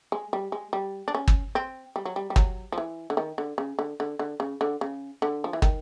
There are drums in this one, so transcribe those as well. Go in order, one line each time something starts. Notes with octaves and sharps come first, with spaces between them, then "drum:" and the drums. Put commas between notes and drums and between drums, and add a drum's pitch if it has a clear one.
G#3
G3
G#3
G3
D4
C#4
drum: kick
C4
G3
F#3
G3
G3
F#3, drum: kick
F3
E3
D3
D#3
D3
C#3
D3
D3
D3
C#3
D3
C#3
D3
F3
E3
D#3, drum: kick